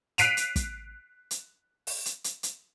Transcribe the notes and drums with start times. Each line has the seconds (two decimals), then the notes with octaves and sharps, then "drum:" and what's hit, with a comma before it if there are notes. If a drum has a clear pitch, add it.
0.18 F#6 B6 C7 D7 D#7 F7, drum: hi-hat
0.37 drum: hi-hat
0.56 drum: kick, hi-hat
1.31 drum: hi-hat
1.87 drum: open hi-hat
2.06 drum: hi-hat
2.24 drum: hi-hat
2.43 drum: hi-hat